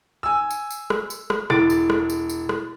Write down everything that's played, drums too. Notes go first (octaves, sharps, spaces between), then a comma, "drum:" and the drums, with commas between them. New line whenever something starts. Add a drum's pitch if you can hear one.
G#5 E6
drum: tambourine
drum: tambourine
drum: rim click
drum: tambourine
drum: rim click
E1 E4 D6 A6 D7, drum: rim click
drum: tambourine
drum: rim click
drum: tambourine
drum: tambourine
drum: rim click